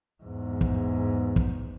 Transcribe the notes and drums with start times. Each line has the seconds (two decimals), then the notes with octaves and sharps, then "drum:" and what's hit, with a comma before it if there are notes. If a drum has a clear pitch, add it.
0.23 E2 G#2
0.61 drum: kick
1.36 drum: kick